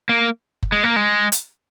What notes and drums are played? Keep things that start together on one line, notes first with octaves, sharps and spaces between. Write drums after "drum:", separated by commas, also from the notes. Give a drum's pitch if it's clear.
A#3
drum: kick F#1
G#3
A#3
G#3
drum: hi-hat